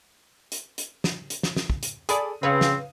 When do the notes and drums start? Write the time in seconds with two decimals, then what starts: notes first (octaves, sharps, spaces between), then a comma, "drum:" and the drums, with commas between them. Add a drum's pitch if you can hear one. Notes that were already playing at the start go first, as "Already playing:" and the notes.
0.52 drum: hi-hat
0.78 drum: hi-hat
1.04 drum: snare
1.30 drum: hi-hat
1.43 drum: snare
1.56 drum: snare
1.70 drum: kick
1.83 drum: hi-hat
2.09 G#4 A4 D5 B5 D#6, drum: hi-hat
2.43 C#3 C4 B4 C#5 F5 D#6
2.61 drum: snare